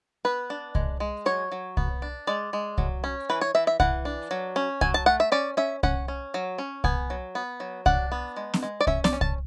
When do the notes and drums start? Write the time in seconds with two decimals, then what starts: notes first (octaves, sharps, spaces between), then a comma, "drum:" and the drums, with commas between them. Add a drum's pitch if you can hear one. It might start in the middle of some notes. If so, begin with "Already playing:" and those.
0.25 B3 B4
0.50 D4
0.75 G#3, drum: kick C2
1.00 G#3
1.26 F#3 C#5
1.52 F#3
1.77 B3, drum: kick C2
2.02 D4
2.27 G#3 D5
2.53 G#3
2.78 F#3, drum: kick C2
3.04 C#4
3.30 E3 B4
3.41 C#5
3.55 E3 E5
3.67 E5
3.80 E3 F#5, drum: kick C2
4.05 D4
4.31 F#3
4.56 C#4
4.81 F#3 G#5, drum: kick C2
4.94 A5
5.06 A3 F#5
5.20 E5
5.32 C#4 D5
5.57 C#4 E5
5.83 C#4 F#5, drum: kick C2
6.08 C#4
6.34 F#3
6.58 C#4
6.84 B3 G#5, drum: kick C2
7.10 F#3
7.35 B3
7.60 F#3
7.86 D4 F#5, drum: kick C2
8.12 B3
8.36 G#3
8.54 drum: snare
8.63 G#3
8.81 D5
8.87 C#4 E5, drum: kick C2
9.04 D5, drum: snare
9.12 C#4
9.21 A5, drum: kick C2